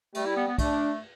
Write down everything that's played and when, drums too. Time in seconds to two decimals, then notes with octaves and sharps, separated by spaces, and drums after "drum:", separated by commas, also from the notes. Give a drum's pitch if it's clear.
0.14 G3 A3, drum: cymbal
0.26 E4
0.36 B3
0.48 B3
0.58 A3 D4, drum: kick, cymbal